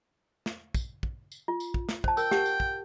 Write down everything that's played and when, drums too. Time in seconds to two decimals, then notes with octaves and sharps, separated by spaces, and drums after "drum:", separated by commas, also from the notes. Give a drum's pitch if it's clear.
0.46 drum: snare
0.75 drum: kick, tambourine
1.03 drum: kick
1.32 drum: tambourine
1.48 F4
1.60 drum: tambourine
1.74 drum: kick
1.89 drum: snare
2.04 C5 A5, drum: kick
2.17 A#4 G5 E6, drum: tambourine
2.31 G4 F#5, drum: snare
2.46 drum: tambourine
2.60 drum: kick